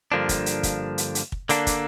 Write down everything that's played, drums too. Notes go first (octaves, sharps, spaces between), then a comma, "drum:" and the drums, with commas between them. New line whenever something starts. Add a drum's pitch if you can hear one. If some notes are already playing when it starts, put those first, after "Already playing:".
G2 D3 F3 A#3 D4
drum: kick, hi-hat
drum: hi-hat
drum: kick, hi-hat
drum: hi-hat
drum: hi-hat
drum: kick
D3 A#3 D4, drum: hi-hat
drum: kick, hi-hat